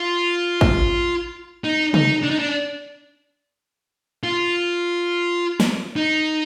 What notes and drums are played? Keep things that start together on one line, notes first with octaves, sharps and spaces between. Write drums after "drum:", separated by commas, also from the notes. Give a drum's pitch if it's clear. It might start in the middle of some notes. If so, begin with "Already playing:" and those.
Already playing: F4
drum: kick
D#4
D#4, drum: tom
D4
D#4
D4
F4
drum: snare
D#4